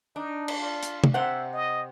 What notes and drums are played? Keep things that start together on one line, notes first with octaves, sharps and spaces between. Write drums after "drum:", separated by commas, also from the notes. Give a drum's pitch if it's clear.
D4 D#4
drum: cymbal
F4
drum: hi-hat
drum: tom
C3 C5 E5 F#5
D#5